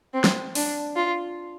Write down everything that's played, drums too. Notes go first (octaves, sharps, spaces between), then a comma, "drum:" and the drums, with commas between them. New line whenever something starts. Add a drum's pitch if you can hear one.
C4
drum: snare
D4, drum: open hi-hat
F4